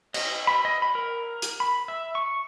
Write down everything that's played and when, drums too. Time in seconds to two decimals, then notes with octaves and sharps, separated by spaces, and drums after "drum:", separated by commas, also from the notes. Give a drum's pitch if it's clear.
0.14 D#5, drum: cymbal
0.47 B5
0.65 D#5
0.82 B5
0.95 A#4
1.42 drum: hi-hat
1.60 B5
1.88 E5
2.15 C#6